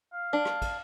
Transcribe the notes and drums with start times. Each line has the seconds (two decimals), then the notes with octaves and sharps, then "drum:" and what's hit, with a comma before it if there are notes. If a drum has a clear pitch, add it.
0.13 F5
0.33 D4
0.45 drum: rim click
0.62 drum: kick, cymbal